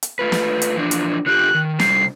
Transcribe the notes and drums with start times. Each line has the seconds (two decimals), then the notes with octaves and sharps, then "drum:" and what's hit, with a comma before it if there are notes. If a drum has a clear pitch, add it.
0.03 drum: hi-hat
0.19 A3 F4 B4
0.32 drum: snare
0.62 drum: hi-hat
0.76 E3 F3 D4
0.91 drum: hi-hat
1.26 D3 F4 G4 F#6
1.54 D#3
1.80 C3 G3 C#4 C7, drum: snare